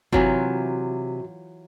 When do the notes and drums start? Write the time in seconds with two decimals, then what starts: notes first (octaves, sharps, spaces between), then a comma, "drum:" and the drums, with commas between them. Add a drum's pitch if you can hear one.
0.13 C3 E3 F#3 F4 F#4, drum: kick G1